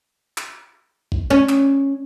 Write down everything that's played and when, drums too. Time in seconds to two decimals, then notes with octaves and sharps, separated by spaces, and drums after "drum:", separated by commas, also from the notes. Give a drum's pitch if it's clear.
0.38 drum: clap
1.12 drum: kick
1.30 C#4
1.49 drum: clap